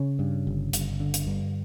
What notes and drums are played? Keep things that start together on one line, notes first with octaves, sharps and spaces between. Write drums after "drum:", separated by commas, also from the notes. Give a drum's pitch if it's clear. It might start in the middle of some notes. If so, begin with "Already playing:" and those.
Already playing: C#3 C#4
G2
G1
G1, drum: hi-hat
D3
drum: hi-hat
G2